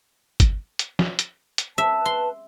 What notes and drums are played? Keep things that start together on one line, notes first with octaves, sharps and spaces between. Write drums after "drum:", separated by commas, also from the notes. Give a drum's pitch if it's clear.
drum: kick, hi-hat
drum: hi-hat
drum: snare
drum: hi-hat
drum: hi-hat
B4 E5 A5
C6